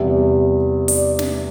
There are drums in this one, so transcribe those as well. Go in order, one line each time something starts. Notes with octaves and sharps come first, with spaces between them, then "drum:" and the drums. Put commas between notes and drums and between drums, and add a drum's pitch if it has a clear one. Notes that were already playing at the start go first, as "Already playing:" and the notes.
Already playing: E2 C3 G3 E5
D5, drum: open hi-hat
drum: snare